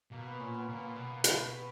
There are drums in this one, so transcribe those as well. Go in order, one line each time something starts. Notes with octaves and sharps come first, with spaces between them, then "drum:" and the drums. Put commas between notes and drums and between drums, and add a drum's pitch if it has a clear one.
B2 A#3
B3
A#2 C#4
B3
A#2 A#3
B3
B2 B3
A#3
B2 B3, drum: hi-hat
B3